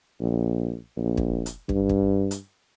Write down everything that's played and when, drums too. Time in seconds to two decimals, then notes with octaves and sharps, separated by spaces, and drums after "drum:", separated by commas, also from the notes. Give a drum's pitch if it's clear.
0.21 A#1
0.97 A#1
1.17 drum: kick
1.46 drum: hi-hat
1.69 G2, drum: kick
1.89 drum: kick
2.31 drum: hi-hat